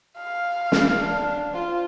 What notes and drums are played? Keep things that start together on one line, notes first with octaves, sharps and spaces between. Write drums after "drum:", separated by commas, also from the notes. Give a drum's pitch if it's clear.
F5
drum: snare
D4
F4 C5